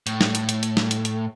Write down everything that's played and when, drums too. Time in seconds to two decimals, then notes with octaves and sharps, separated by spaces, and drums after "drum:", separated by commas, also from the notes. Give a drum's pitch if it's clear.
0.07 A2, drum: hi-hat
0.21 drum: snare
0.35 drum: hi-hat
0.49 drum: hi-hat
0.63 drum: hi-hat
0.77 drum: snare
0.91 drum: hi-hat
1.05 drum: hi-hat